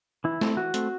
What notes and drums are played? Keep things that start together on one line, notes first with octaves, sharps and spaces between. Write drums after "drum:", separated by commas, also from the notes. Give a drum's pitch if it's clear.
E3 E4
A3 C4, drum: snare
E3 F#4
A3 C4, drum: hi-hat